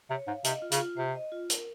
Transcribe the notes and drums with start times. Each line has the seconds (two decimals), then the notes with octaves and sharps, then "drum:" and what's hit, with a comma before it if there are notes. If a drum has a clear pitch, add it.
0.10 C3 C#5
0.27 G#2 F5
0.45 C3 D#5, drum: hi-hat
0.62 F4
0.72 C#3, drum: hi-hat
0.80 F4
0.97 C3 C5
1.15 D#5
1.32 F4
1.50 A#4, drum: hi-hat